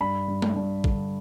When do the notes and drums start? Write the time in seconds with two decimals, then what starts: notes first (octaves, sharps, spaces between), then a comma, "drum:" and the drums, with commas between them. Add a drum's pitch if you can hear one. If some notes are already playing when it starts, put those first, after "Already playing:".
0.01 G2 B5
0.28 G2
0.42 drum: tom G#3
0.56 G2
0.84 D3, drum: kick A1